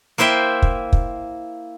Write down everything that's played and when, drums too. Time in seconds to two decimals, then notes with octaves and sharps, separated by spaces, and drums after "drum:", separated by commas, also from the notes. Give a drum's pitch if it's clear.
0.18 A#3 E4 C5 E5 G5
0.62 drum: kick
0.93 drum: kick